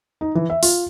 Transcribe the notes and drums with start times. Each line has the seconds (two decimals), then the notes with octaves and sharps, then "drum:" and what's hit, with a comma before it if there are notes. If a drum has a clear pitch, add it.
0.21 D#4
0.35 E3
0.50 E5
0.63 F4, drum: open hi-hat